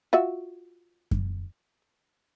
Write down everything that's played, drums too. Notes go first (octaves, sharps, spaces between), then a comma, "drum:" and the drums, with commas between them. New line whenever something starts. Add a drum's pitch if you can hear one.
F4 F#4 E5
drum: kick F#2